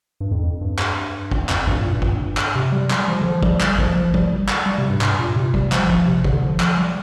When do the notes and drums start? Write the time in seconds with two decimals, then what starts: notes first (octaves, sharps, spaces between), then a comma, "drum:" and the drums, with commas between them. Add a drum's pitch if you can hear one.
0.20 G2
0.31 F2
0.43 F2
0.61 G2
0.79 drum: clap
1.31 drum: kick
1.49 F2, drum: clap
1.67 G2, drum: kick
1.80 A#2
1.92 G2
2.02 drum: kick
2.37 drum: clap
2.55 C3
2.72 G3
2.90 G3, drum: clap
3.08 F3
3.21 D3
3.25 F3
3.43 G3, drum: kick
3.61 drum: clap
3.79 F3, drum: kick
3.95 F3
4.14 G3, drum: kick
4.49 drum: clap
4.66 G3
4.78 C3
4.90 G2
5.01 G2, drum: clap
5.19 A#2
5.36 C3
5.54 G3, drum: kick
5.72 F3, drum: clap
5.90 drum: kick
6.07 C3
6.24 D3, drum: kick
6.42 F3
6.60 drum: clap
6.77 G3